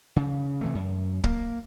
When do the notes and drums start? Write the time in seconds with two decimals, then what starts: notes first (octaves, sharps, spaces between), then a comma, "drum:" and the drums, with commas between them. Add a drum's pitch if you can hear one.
0.16 C#3
0.61 C3 E3 A3
0.75 F#2
1.24 A#3, drum: kick